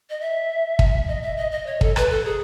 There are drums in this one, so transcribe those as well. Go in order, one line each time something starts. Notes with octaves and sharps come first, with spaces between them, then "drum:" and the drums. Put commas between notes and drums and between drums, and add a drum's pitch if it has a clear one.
D#5
E5
drum: kick
D#5
E5
D#5
D#5
C#5
A4, drum: kick
B4, drum: rim click
A4
G#4